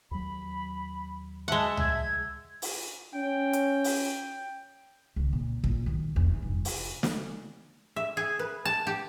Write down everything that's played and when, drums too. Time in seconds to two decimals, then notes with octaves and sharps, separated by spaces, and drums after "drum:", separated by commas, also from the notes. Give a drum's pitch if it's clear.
0.11 D#2 F#3 B5
1.48 G#3 E5 F#5 A5
1.77 E6 G#6, drum: tom C#2
2.62 drum: open hi-hat
3.14 C#4 G5
3.53 drum: hi-hat
3.84 drum: open hi-hat
5.16 C#2 D#3
5.33 A#2
5.64 A#2 A#3, drum: kick
5.86 D#3 F#3
6.16 F1 E2
6.42 F1 G2
6.65 drum: open hi-hat
7.03 drum: snare
7.96 E5
8.17 G#4
8.39 B4
8.65 A5
8.87 G4